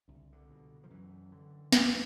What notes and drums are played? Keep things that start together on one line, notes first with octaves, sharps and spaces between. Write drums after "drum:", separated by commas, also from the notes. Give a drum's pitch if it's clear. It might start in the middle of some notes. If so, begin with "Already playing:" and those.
C2 D3
D3
B2
F3
F#2 E3
D3
F#2, drum: snare